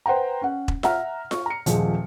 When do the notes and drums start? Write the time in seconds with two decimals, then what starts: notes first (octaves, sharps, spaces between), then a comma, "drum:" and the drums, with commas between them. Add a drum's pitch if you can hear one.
0.06 B4 C5 F#5 G5 A#5
0.42 C#4 F#5
0.68 drum: kick E1
0.83 E5 F#5 A#5 F6, drum: snare F4
1.31 C#6, drum: snare F4
1.46 A#5 C#7
1.66 D#1 F3 G#3, drum: hi-hat